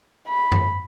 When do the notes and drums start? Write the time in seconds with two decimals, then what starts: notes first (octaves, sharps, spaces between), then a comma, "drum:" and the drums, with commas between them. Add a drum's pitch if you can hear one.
0.28 B5
0.52 drum: tom F#2